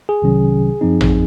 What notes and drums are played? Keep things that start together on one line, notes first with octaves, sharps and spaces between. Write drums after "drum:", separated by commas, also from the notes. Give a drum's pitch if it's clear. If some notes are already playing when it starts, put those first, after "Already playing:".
G#4
C2 C3 D#3 F#3 C#4
F#2 F3 C4 D#4
drum: tom A1